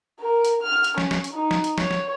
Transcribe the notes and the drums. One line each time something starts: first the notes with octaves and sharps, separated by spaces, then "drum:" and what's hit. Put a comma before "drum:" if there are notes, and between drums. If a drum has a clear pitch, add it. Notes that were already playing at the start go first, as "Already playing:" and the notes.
A#4
drum: hi-hat
F6
drum: hi-hat
C#4, drum: snare
drum: snare
drum: hi-hat
D#4
drum: snare
drum: hi-hat
C#5, drum: snare
drum: snare